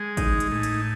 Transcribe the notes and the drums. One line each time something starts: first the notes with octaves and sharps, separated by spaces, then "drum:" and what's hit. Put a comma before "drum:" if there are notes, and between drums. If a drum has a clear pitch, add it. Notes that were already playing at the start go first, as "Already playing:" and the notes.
Already playing: G#3
D#4, drum: kick, hi-hat
drum: hi-hat
A2
drum: hi-hat